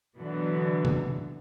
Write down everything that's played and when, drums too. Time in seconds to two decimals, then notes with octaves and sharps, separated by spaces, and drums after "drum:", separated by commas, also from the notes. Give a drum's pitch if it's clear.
0.18 B2 D3 E3 F#3 B3
0.85 drum: tom